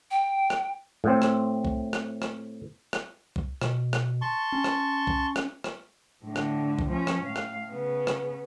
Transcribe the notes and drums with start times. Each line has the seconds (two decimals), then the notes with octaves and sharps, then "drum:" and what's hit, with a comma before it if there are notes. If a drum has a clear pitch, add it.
0.11 G5
0.50 drum: rim click
1.04 A2 C4
1.22 drum: rim click
1.65 drum: kick
1.93 drum: rim click
2.22 drum: rim click
2.93 drum: rim click
3.36 drum: kick
3.62 B2, drum: rim click
3.93 drum: rim click
4.22 A5 C6 C#6
4.52 C#4
4.64 drum: rim click
5.07 drum: kick
5.36 drum: rim click
5.64 drum: rim click
6.24 A2 D3
6.36 drum: rim click
6.79 drum: kick
6.88 F3 C#4
7.07 drum: rim click
7.23 A2 F5
7.36 drum: rim click
7.71 C#3 B3
8.07 drum: rim click